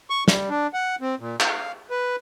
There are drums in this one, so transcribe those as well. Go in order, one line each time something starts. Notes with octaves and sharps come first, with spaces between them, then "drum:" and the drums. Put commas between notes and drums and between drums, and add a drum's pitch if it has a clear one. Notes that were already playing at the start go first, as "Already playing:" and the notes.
C#6
G3, drum: snare
D4
F#5
C4
A#2
F5, drum: clap
B4